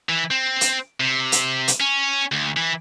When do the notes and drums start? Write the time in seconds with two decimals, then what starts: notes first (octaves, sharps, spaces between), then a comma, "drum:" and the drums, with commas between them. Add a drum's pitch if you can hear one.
0.09 E3
0.31 C4
0.61 drum: hi-hat
1.00 C3
1.32 drum: hi-hat
1.68 drum: hi-hat
1.80 C#4
2.32 D2
2.57 E3